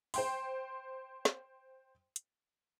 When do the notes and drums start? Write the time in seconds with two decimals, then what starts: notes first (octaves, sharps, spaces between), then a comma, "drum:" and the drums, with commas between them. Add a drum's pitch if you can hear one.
0.14 C5 G5 C6, drum: open hi-hat
1.25 drum: snare
2.16 drum: hi-hat